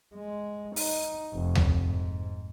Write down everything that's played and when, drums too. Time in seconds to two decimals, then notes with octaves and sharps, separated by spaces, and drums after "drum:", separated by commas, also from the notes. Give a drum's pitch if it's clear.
0.15 G#3
0.76 D#4, drum: open hi-hat
1.34 F1
1.55 drum: tom D2
1.82 G#2